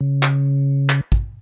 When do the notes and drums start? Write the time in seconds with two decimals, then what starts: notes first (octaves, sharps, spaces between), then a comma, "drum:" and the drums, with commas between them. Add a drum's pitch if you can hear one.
0.01 C#3
0.23 drum: clap
0.90 drum: clap
1.12 drum: kick